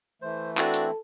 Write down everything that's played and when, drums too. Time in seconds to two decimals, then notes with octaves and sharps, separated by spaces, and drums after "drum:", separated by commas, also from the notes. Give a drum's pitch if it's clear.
0.22 E3 A3 C5
0.58 C4 D4 E4 F#4 A4, drum: clap
0.74 drum: hi-hat